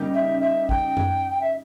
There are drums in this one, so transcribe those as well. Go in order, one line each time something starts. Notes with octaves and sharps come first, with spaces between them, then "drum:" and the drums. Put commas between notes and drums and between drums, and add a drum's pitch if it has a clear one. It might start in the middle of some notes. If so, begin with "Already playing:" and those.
Already playing: C#3 G3 A#3 D#4 G4
E5
E5
G5, drum: kick
drum: tom F#2
G5
E5